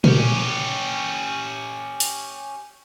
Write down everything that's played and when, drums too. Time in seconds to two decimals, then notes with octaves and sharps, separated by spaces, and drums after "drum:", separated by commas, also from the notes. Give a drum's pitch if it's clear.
0.04 C#4 G4, drum: tom A#2
2.00 drum: open hi-hat